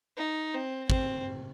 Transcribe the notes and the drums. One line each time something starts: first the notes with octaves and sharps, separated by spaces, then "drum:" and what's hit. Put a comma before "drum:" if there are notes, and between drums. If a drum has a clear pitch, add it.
D#4
C4
C4, drum: kick